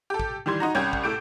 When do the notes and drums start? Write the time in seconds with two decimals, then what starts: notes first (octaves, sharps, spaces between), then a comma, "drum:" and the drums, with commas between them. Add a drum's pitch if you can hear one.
0.10 G4 A4
0.20 drum: kick
0.46 D#3 E3 G3 C6 G#6
0.60 D#4 F#4 A#5
0.75 C2 C#4 G5 G6 G#6
0.93 drum: kick
1.03 A2 A3 D6 G6 D7